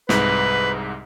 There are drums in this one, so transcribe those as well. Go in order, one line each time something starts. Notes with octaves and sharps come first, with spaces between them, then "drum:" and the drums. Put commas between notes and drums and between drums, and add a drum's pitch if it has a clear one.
C2 G#2 B4, drum: snare